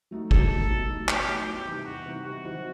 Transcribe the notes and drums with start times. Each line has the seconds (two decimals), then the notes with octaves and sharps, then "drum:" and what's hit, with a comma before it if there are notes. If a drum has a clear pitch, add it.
0.11 F#3 A3 D#4 F#4
0.31 G2 A4, drum: kick
0.50 F#3 A3 D#4 F#4
0.69 B2
0.89 F#3 A3 D#4
1.09 B2 G4, drum: clap
1.28 F#3 A3 D#4
1.47 E2 G4
1.66 C3 E3 G3 D#4
1.85 E2 F#4
2.05 C3 E3 G3 D#4
2.24 C3 F#4
2.45 D#3 F#3 C4 E4